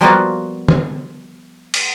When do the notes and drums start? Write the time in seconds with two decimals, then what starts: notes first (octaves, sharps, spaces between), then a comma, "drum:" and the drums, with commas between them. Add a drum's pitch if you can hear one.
0.01 F3 G3 A#3 B3 F4 F#4
0.68 drum: tom D3
1.74 drum: cymbal